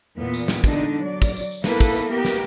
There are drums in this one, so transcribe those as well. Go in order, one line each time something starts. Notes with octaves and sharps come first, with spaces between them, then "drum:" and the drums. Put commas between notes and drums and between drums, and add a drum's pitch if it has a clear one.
E2 A#2 B3
drum: tambourine
drum: snare
D3 G#3 D4 D#4, drum: kick, tambourine
F#3 D5
drum: kick, tambourine
drum: tambourine
drum: tambourine
A#3 B3 E4 A4 B4, drum: snare
drum: kick, tambourine
drum: tambourine
A#3 B3 G4 A#4
drum: snare